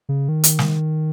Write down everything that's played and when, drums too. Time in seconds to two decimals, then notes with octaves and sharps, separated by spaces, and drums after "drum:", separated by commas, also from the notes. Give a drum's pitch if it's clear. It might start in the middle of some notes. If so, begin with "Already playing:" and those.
0.09 C#3
0.29 D#3
0.44 drum: hi-hat
0.59 drum: snare